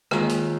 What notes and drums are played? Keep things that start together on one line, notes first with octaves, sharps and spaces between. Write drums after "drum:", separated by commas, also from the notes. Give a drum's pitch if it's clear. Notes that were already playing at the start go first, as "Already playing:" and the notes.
D#2 D#3 G#3 F4 G#4, drum: rim click
drum: hi-hat